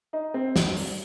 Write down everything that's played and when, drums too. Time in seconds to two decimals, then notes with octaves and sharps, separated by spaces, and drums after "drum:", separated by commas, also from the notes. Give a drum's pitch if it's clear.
0.13 D#4
0.34 C4
0.56 drum: snare
0.77 drum: open hi-hat